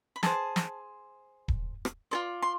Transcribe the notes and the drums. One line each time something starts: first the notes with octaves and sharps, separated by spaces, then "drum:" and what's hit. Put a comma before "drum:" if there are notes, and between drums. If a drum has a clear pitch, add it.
B5
G#4 C5 A5, drum: snare
drum: snare
drum: kick D#1
drum: rim click
F4 A4 D5 C6
C6